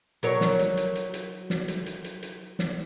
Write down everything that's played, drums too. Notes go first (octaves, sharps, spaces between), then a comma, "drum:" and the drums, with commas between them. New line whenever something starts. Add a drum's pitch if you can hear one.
F#3 A#4 C#5, drum: hi-hat
drum: snare
drum: hi-hat
drum: hi-hat
drum: hi-hat
drum: hi-hat
drum: snare
drum: hi-hat
drum: hi-hat
drum: hi-hat
drum: hi-hat
drum: snare